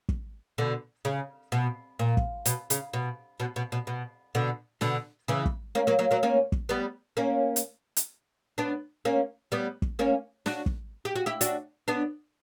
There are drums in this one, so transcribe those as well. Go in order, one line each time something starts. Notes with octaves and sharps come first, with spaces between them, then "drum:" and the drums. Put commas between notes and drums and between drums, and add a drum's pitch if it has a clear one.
drum: kick
B2 D3
C#3
B2
A#2
drum: kick
B2, drum: hi-hat
C#3, drum: hi-hat
B2
B2
B2
B2
B2
B2 D3
B2 D3, drum: snare
C#3 E3
drum: kick
A#3 C#4
F#3 A#3
F#3 A#3
F#3 A#3
A#3 C#4
drum: kick
G3 B3
A#3 C#4
drum: hi-hat
drum: hi-hat
B3 D4
A#3 C#4
G3 B3
drum: kick
A#3 C#4
D4 F#4, drum: snare
drum: kick
G4
F#4
E4 G4
D4 F#4, drum: hi-hat
B3 D4